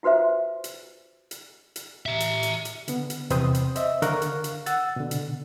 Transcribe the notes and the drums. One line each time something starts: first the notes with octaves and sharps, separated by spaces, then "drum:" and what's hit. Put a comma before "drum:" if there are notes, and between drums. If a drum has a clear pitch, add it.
F4 F#4 B4 C5 E5
drum: hi-hat
drum: hi-hat
drum: hi-hat
E5 A#5
drum: hi-hat
drum: hi-hat
drum: hi-hat
D3 B3, drum: hi-hat
drum: hi-hat
E2 C3 C4 B4 C5 D#6, drum: hi-hat
drum: hi-hat
C5 D#5 E5, drum: hi-hat
D3 A#4 F5 C#6 F#6, drum: hi-hat
drum: hi-hat
drum: hi-hat
F#5 E6 A6, drum: hi-hat
B2 D3
drum: hi-hat